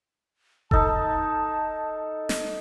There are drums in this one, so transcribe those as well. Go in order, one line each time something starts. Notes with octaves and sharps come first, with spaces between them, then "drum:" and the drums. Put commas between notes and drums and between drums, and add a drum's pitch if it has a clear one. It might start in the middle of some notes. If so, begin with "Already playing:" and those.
D#4 A4 A5, drum: kick F1
drum: snare